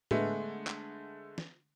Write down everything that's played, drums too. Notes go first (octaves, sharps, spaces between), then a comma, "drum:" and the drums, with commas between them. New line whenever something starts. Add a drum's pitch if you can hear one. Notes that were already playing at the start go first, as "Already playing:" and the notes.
D3 G#3 A3 B3, drum: tom A2
drum: clap
drum: snare